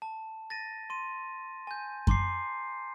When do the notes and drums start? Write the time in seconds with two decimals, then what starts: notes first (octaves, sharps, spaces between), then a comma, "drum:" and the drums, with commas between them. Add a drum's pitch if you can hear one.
0.02 A5
0.50 A6 A#6 D#7
0.90 C6 D#7
1.67 G#5 G6
2.07 A#5 C6 D6 C7, drum: kick F#2